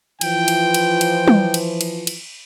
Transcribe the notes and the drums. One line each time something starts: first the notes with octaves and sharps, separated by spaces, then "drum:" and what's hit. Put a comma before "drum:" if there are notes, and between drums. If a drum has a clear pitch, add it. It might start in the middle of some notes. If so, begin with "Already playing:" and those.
E3 F3 G5, drum: cymbal
drum: cymbal
drum: cymbal
drum: cymbal
drum: tom
drum: cymbal
drum: cymbal
drum: cymbal